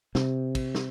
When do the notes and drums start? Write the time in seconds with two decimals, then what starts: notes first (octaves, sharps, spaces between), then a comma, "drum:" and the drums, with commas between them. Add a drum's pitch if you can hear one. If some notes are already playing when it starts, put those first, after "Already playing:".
0.15 C3, drum: snare
0.55 drum: kick, cymbal
0.75 drum: snare